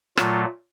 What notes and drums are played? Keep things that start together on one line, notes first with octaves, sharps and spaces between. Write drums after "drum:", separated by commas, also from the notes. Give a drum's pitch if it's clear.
A#2 F#3 A3 F4, drum: rim click